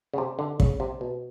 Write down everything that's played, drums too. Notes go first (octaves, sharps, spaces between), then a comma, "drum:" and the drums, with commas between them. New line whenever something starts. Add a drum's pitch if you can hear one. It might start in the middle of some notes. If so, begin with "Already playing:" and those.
C#3
C3
D3
C#3, drum: kick
C3
B2